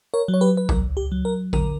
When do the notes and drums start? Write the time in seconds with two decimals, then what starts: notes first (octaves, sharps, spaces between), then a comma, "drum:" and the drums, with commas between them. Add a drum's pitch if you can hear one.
0.14 A#4 C#5
0.28 F#3
0.34 C#5
0.41 G4 B4
0.57 B4
0.69 C#2 A#4, drum: kick A1
0.97 G4
1.12 F#3
1.25 A#4
1.53 D3 A#4, drum: kick A1